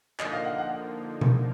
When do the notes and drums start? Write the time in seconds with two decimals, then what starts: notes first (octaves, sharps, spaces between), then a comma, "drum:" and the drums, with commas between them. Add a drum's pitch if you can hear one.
0.19 D3 F3 A#3 D#4 D#5, drum: clap
0.33 F5
0.45 F#5
0.58 F#5
1.21 drum: tom B2